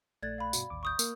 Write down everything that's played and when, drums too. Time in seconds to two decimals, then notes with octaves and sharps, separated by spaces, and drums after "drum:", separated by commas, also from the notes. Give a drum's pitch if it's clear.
0.23 A#1 A3 D5 F#6 G#6 A6
0.38 F5 B5
0.53 G2 B2 F#4, drum: tambourine
0.70 A1 D#2 D6
0.83 C#6 D#6 G6
0.99 A#3 A#4, drum: tambourine